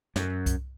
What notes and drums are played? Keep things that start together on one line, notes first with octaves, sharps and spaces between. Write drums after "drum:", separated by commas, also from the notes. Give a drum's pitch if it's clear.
F#2, drum: snare
drum: kick C2, hi-hat